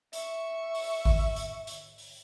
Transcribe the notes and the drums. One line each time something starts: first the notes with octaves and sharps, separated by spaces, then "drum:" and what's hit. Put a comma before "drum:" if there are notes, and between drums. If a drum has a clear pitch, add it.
E5 C#6, drum: hi-hat
drum: open hi-hat
drum: kick G#1, open hi-hat
drum: hi-hat
drum: hi-hat
drum: open hi-hat